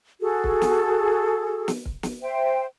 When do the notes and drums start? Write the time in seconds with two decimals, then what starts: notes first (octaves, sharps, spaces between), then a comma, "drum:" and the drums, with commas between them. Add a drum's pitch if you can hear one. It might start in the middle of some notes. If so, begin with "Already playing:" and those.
0.20 F#4 G#4 A4
0.44 drum: kick
0.62 drum: snare
1.68 drum: snare
1.85 drum: kick
2.03 drum: snare
2.21 C5 E5 G5